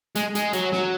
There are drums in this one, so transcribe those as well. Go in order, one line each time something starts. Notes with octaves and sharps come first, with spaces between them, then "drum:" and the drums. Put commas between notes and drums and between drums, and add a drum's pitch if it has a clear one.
G#3, drum: hi-hat
G#3, drum: hi-hat
F#3, drum: hi-hat
F#3, drum: snare